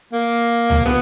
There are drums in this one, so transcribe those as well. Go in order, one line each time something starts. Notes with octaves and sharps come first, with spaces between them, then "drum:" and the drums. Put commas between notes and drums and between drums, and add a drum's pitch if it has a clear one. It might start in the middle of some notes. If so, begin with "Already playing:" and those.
A#3
drum: tom C#2
B3, drum: snare